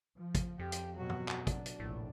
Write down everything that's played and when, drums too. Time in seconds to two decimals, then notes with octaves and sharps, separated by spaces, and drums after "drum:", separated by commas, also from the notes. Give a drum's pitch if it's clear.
0.18 F3
0.35 drum: kick, hi-hat
0.59 F2 G4
0.72 drum: hi-hat
0.96 B2 F#3 F#4
1.09 drum: tom
1.28 drum: clap
1.47 D4, drum: kick, hi-hat
1.66 drum: hi-hat
1.80 F1 A#1 A2